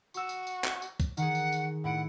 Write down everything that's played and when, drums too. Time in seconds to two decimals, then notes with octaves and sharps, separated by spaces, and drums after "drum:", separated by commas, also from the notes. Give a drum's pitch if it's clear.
0.14 F#4 C#6 E6, drum: tambourine
0.29 drum: tambourine
0.47 drum: tambourine
0.64 drum: clap
0.82 drum: tambourine
1.00 drum: kick, tambourine
1.17 D#3 G#4 F#5, drum: tambourine
1.35 drum: tambourine
1.52 drum: tambourine
1.84 A2 E4 F#5 D7